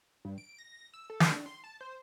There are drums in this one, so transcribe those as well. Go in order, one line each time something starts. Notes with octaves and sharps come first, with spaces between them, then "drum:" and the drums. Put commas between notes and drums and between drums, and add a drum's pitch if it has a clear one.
G2
D7
A#6
E6
A4
drum: snare
D4
C6
A5
C5